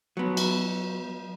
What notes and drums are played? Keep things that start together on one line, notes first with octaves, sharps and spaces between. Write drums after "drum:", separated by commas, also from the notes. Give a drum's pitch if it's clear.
F#3 B3
drum: cymbal